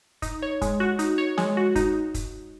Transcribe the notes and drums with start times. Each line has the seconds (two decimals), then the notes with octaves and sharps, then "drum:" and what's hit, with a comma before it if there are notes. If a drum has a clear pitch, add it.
0.22 D#4, drum: kick, hi-hat
0.42 C#5
0.61 G#3, drum: kick, hi-hat
0.80 F#4
0.99 D#4, drum: hi-hat
1.18 C#5
1.38 G#3, drum: snare
1.57 F#4
1.75 D#4, drum: kick, hi-hat
2.14 drum: kick, hi-hat